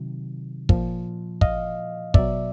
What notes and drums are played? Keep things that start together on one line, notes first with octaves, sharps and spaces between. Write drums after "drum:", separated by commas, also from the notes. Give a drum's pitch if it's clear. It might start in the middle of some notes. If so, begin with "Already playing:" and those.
Already playing: C3 D#3 F#3
A#2 F3, drum: kick
D#5 F5, drum: kick
B2 F#3 D5 E5, drum: kick